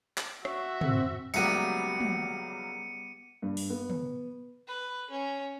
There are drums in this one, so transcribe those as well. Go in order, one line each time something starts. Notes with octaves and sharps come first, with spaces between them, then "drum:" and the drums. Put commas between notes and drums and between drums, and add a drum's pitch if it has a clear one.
drum: clap
F#4 E5 C#6, drum: rim click
C4, drum: tom
C#2 F#3 G3 A#3 B3 E4 C#7 D#7, drum: tambourine
drum: tom
G2
drum: open hi-hat
B3
drum: tom
B4
C#4